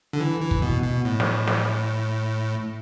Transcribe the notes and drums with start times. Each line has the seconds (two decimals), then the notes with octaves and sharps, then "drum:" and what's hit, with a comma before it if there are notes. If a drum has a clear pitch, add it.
0.13 D3
0.20 E3
0.41 E3
0.51 drum: kick
0.62 B2
0.83 B2
1.05 A2
1.20 drum: snare
1.47 drum: snare